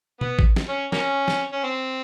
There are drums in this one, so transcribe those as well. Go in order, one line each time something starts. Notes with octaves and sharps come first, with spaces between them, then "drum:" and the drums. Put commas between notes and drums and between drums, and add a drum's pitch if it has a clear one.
B3, drum: tom B2
drum: kick
drum: snare
C#4
A#3 C#4, drum: snare
drum: snare
C#4
C4